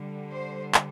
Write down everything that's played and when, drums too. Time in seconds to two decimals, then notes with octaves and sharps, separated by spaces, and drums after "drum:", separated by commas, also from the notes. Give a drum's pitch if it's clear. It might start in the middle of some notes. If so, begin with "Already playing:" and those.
Already playing: D3 G3
0.29 C5
0.74 drum: clap